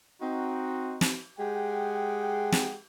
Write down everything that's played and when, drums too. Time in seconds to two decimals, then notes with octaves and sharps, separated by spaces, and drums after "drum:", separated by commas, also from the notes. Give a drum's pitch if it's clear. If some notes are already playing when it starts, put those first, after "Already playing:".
0.22 C4 D#4 F#4
1.01 drum: snare
1.39 G#3 G4 G#4 F#5 G5
2.52 drum: snare